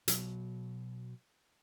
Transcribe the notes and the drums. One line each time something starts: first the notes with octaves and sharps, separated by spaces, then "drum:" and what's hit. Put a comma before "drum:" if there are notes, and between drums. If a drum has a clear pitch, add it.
B2 F#3, drum: hi-hat